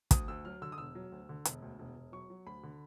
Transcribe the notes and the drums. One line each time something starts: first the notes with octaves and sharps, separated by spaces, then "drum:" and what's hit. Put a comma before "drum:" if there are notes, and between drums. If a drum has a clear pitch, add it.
D2 D#6, drum: kick, hi-hat
D2 E6
F#3 F6
D3 E6
D#6
E1 E6
F#3
D2
D3
E1, drum: hi-hat
D2
E1
E1
F#3 C#6
F#3
D2 B5
D3